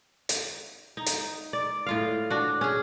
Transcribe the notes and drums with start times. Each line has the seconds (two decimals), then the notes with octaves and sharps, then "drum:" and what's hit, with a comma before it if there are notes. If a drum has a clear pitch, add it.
0.29 drum: hi-hat
0.97 D#4
1.06 drum: hi-hat
1.53 D5
1.86 A2 F4 F5
2.30 D4 F#4
2.61 C#4 G#4